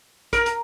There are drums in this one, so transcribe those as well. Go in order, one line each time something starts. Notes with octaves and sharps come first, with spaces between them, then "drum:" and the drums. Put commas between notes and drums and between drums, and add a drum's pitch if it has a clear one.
A#4, drum: kick, hi-hat
drum: hi-hat